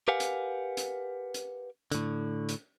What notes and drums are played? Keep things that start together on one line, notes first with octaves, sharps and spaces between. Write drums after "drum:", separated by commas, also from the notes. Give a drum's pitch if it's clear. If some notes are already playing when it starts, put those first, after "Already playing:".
G4 A#4 B4 F5 F#5 G#5
drum: hi-hat
drum: hi-hat
drum: hi-hat
A2 D3, drum: hi-hat
drum: hi-hat